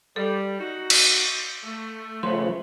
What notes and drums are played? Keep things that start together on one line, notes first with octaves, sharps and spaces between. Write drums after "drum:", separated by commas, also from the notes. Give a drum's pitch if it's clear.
G3 A4
D#4 F#4
drum: cymbal
A3
C#3 F3 A3 B3 C6